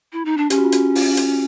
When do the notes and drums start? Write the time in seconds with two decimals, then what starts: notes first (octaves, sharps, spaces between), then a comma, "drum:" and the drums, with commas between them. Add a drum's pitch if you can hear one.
0.13 E4
0.25 D#4
0.37 D4
0.50 C#4 G4, drum: hi-hat
0.58 F#4
0.64 F4
0.72 F#4, drum: hi-hat
0.95 F4, drum: open hi-hat
1.17 drum: hi-hat